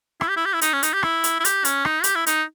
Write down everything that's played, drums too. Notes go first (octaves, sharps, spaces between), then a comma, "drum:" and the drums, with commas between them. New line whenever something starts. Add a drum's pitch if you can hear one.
E4, drum: rim click
G4
E4
G4
E4
D#4, drum: hi-hat
C#4
D#4, drum: hi-hat
G4
E4, drum: rim click
drum: hi-hat
E4
G4, drum: hi-hat
C#4, drum: hi-hat
D#4, drum: rim click
G4, drum: hi-hat
E4
D#4, drum: hi-hat